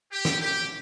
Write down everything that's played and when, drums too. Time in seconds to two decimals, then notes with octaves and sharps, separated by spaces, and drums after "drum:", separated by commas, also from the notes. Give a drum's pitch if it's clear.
0.12 G4
0.25 drum: snare
0.41 G4